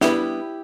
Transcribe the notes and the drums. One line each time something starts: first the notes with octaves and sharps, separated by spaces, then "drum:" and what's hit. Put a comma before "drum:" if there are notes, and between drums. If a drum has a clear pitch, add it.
G3 B3 D4 E4 G4, drum: snare